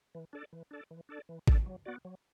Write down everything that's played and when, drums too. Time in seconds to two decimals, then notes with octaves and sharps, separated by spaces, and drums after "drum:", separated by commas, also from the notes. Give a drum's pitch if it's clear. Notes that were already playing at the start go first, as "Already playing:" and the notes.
0.15 E3
0.33 D4 A4 D5
0.53 E3
0.71 D4 A4 D5
0.91 E3
1.09 D4 A4 D5
1.29 E3
1.48 D4 A4 D5, drum: kick A1
1.66 F#3
1.85 B3 F#4 D5
2.05 F#3